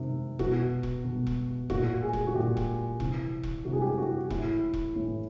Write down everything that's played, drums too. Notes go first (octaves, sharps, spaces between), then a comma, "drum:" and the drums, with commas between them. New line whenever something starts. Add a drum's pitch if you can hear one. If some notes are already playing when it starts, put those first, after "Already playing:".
Already playing: C3 D#3
B2 F#4, drum: kick E1
drum: kick E1
B2
drum: kick E1
A#2 F#4, drum: kick E1
G#4
drum: kick E1
F#4
A#2 G4
drum: kick E1
C3 E3, drum: kick E1
drum: kick E1
C3 E3 F#4
G#4
G4
F#4
A2 E3 E4, drum: kick E1
drum: kick E1
A2 E3